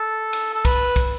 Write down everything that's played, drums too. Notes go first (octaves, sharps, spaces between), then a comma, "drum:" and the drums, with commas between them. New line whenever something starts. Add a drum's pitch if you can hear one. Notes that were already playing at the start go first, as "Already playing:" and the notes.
Already playing: A4
drum: cymbal
A4
B4, drum: kick, cymbal
drum: kick, cymbal